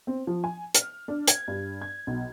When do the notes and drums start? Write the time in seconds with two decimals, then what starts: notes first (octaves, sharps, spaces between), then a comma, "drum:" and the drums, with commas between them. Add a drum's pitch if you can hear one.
0.07 C4
0.27 F3
0.44 G#5
0.75 F6, drum: hi-hat
1.08 D4
1.28 G#6, drum: hi-hat
1.48 G2
1.82 G#6
2.07 B1